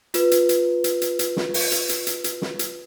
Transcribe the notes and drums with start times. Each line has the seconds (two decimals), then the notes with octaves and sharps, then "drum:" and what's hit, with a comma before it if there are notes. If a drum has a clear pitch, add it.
0.14 F4 B4, drum: hi-hat
0.31 drum: hi-hat
0.49 drum: hi-hat
0.84 drum: hi-hat
1.02 drum: hi-hat
1.19 drum: hi-hat
1.37 drum: snare
1.54 drum: open hi-hat
1.72 drum: hi-hat
1.89 drum: hi-hat
2.07 drum: hi-hat
2.24 drum: hi-hat
2.42 drum: snare
2.59 drum: hi-hat